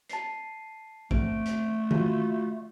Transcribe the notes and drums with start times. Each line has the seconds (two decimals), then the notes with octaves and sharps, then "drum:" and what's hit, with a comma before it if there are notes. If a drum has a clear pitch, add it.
0.09 A5 C7, drum: hi-hat
1.11 A3 C4 D7, drum: kick
1.46 drum: hi-hat
1.91 F4 F#4, drum: tom D#3